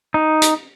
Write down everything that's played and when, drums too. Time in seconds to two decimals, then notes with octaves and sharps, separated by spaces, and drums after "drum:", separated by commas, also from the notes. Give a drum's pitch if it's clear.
0.14 D#4
0.42 drum: hi-hat